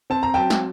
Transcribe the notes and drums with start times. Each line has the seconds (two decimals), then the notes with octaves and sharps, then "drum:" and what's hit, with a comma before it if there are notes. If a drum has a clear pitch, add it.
0.10 C4 A5
0.23 A#5
0.34 F#3 G5 A5
0.50 drum: snare